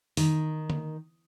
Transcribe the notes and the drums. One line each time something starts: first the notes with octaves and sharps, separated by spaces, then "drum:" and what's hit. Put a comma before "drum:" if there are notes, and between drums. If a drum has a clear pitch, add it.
D#3, drum: open hi-hat
drum: tom D3